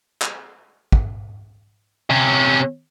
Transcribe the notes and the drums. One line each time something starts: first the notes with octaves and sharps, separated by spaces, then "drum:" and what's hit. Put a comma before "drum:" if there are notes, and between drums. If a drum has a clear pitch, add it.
drum: clap
drum: kick
C3 C#4